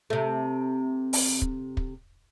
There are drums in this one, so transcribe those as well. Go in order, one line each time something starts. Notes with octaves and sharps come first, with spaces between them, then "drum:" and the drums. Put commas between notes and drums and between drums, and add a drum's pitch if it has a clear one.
C3 A3
drum: open hi-hat
drum: kick
drum: kick